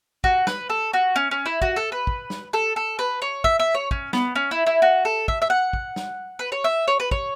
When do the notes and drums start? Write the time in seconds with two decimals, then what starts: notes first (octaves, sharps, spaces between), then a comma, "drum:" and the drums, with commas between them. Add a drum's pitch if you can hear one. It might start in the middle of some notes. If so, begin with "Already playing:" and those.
0.24 F#4, drum: kick
0.47 B4, drum: snare
0.70 A4
0.93 F#4
1.16 C#4
1.31 C#4
1.46 E4
1.62 F#4, drum: kick
1.76 A4
1.92 B4
2.07 drum: kick
2.30 drum: snare
2.53 A4
2.76 A4
2.99 B4
3.22 C#5
3.44 E5, drum: kick
3.60 E5
3.74 C#5
3.91 C#4, drum: kick
4.13 B3, drum: snare
4.35 C#4
4.51 E4
4.66 E4
4.82 F#4
5.05 A4
5.28 E5, drum: kick
5.42 E5
5.50 F#5
5.73 drum: kick
5.96 drum: snare
6.39 B4
6.52 C#5
6.64 E5
6.88 C#5
7.00 B4
7.11 C#5, drum: kick